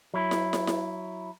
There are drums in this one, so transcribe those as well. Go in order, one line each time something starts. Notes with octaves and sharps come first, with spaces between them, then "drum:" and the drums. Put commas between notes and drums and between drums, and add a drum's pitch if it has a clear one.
F#3 E4
drum: snare
drum: snare
drum: snare